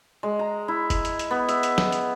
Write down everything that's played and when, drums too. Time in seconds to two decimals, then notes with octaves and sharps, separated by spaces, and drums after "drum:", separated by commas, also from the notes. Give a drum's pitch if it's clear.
0.23 G#3
0.39 A#5
0.68 E4
0.90 drum: kick, hi-hat
1.05 drum: hi-hat
1.19 drum: hi-hat
1.31 B3
1.49 E5, drum: hi-hat
1.63 drum: hi-hat
1.78 drum: snare
1.92 drum: hi-hat